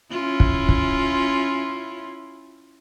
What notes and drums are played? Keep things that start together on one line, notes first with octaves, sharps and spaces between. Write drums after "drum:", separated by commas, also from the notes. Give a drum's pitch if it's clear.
C#4 E4 F4
drum: kick
drum: kick